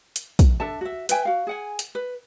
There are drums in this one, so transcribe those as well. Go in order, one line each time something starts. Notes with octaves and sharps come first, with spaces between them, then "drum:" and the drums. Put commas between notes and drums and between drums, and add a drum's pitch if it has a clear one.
drum: hi-hat
drum: kick, hi-hat
D4 A4 E5 A5
F#4 E5
B4 E5 G5 G#5, drum: hi-hat
F#4 F5
G#4 F#5 G#5
drum: hi-hat
B4